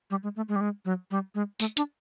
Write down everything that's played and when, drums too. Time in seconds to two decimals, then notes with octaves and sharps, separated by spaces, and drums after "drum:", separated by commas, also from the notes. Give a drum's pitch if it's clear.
0.10 G3
0.23 G#3
0.36 A3
0.49 G#3
0.56 G3
0.61 G#3
0.85 F#3
1.11 G3
1.35 G#3
1.60 A3, drum: tambourine
1.77 D4, drum: hi-hat